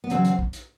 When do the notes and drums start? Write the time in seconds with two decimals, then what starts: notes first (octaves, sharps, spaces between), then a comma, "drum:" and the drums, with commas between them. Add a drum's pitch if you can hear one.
0.04 B3
0.10 E2 C#3 F#3 C4, drum: hi-hat
0.25 drum: hi-hat
0.39 drum: kick
0.53 drum: hi-hat